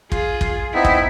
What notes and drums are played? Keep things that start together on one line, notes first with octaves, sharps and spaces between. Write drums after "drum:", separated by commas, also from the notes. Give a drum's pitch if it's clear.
F4 G#4, drum: kick
drum: kick
B3 C4 D#4 E4
drum: kick